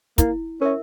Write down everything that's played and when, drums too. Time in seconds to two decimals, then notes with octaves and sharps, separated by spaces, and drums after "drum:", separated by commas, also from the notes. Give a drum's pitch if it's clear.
0.18 A#3 E4, drum: kick, hi-hat
0.61 C#4 A#4 E5